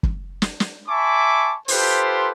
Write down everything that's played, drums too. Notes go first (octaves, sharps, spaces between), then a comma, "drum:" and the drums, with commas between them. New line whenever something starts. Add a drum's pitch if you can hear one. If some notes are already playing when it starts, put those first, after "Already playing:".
drum: kick
drum: snare
drum: snare
E5 G#5 A5 B5 C#6 D6
F4 G4 A4 B4 C5, drum: open hi-hat